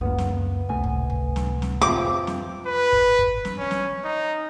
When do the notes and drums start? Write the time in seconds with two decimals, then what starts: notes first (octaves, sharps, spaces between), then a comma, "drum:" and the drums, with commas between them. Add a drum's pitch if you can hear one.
0.01 C#2 F#2 A#3 B3 C#4 E4
0.18 drum: snare
0.69 C#2 A2 C3 A3 G#5
0.84 drum: kick
1.10 drum: kick
1.36 drum: snare
1.62 drum: snare
1.81 F2 F3 C4 E5 D6
2.27 drum: snare
2.66 B4
2.92 drum: kick
3.19 drum: kick
3.45 drum: snare
3.59 C#4
3.71 drum: snare
4.04 D#4